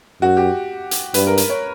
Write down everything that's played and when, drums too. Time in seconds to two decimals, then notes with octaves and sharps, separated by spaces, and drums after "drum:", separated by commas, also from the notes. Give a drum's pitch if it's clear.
0.22 F#2 F#4
0.37 G4
0.91 drum: hi-hat
1.14 G2 B4, drum: hi-hat
1.27 A#4
1.38 drum: hi-hat
1.50 C#5